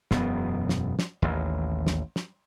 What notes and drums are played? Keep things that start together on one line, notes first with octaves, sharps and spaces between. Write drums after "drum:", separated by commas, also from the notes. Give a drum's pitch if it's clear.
E1 F#2 B2 B3, drum: snare
drum: snare
drum: snare
A1 D#2
drum: snare
drum: snare